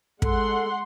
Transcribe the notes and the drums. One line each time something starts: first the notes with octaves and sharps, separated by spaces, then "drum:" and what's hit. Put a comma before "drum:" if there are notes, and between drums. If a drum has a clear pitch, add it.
G#3 A4 F#5 C6, drum: kick